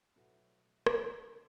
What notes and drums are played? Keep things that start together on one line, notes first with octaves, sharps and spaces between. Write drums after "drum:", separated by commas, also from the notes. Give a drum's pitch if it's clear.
B1 A2 F#3 A3 F#4 B4
D2 D3 A3 A4 D5, drum: rim click
A4 D5
D4